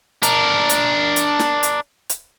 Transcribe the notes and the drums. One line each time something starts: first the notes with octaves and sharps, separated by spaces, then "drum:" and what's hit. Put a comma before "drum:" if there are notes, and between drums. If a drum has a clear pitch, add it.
D4 A#4, drum: hi-hat
drum: hi-hat
drum: hi-hat
drum: snare
drum: hi-hat
drum: hi-hat